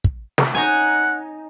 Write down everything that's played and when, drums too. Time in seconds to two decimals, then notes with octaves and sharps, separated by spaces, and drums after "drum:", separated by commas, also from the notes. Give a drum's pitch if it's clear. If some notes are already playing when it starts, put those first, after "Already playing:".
0.04 drum: kick
0.38 drum: snare
0.55 D#4 C#5 F#5 G#5